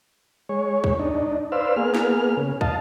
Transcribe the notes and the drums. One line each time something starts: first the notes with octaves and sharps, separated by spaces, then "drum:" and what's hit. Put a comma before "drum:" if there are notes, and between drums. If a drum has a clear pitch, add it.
G#3 C#5
drum: kick
D4 D#4
B4 C5 D5 F5 E6
A#3 B3 G#4 F6
drum: snare
C#3
D#5 F5 A5, drum: kick